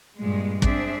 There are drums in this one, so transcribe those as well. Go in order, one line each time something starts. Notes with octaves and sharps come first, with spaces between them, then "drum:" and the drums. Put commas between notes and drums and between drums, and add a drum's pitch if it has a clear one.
G2 A#2 G3 G#3
C4 D4 G#4 D5 E5, drum: kick